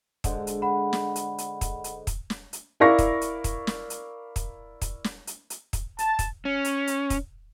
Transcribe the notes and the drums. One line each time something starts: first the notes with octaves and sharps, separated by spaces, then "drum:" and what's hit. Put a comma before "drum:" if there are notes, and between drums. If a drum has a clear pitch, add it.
G#2 D3, drum: kick, hi-hat
drum: hi-hat
F#5 B5
drum: snare
drum: hi-hat
drum: hi-hat
drum: kick, hi-hat
drum: hi-hat
drum: kick, hi-hat
drum: snare
drum: hi-hat
E4 A#4 D5 F5 C#6 A#6
drum: kick, hi-hat
drum: hi-hat
drum: kick, hi-hat
drum: snare
drum: hi-hat
drum: kick, hi-hat
drum: kick, hi-hat
drum: snare
drum: hi-hat
drum: hi-hat
drum: kick, hi-hat
A5, drum: hi-hat
drum: kick, hi-hat
C#4
drum: hi-hat
drum: hi-hat
drum: kick, hi-hat